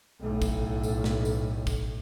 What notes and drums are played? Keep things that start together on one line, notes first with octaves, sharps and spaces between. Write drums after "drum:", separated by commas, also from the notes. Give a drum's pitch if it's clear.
B1 A2
drum: kick, tambourine
drum: tambourine
drum: snare
drum: tambourine
drum: kick, tambourine